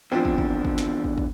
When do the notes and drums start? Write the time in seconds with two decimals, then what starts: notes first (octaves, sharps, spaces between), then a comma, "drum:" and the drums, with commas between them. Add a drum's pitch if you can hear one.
0.12 E2 D3 F3 C4
0.25 drum: kick
0.38 drum: kick
0.65 drum: kick
0.78 drum: snare
1.04 drum: kick
1.18 drum: kick